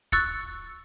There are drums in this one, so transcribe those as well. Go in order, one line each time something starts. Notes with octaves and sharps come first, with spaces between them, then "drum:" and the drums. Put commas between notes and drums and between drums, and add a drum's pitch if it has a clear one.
C#6 E6 F#6 A6 C#7, drum: kick